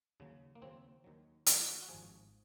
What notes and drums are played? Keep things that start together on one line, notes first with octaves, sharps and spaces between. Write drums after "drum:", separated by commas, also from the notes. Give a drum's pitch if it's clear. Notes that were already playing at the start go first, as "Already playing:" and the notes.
D#2 C#3 F#3
A#3
D#2 C#3 F#3 C4
D#2 D#3 F#3
D#2 D#3 F#3 D#4, drum: hi-hat
F#4
F#4
G#1 G#2 F3 G#4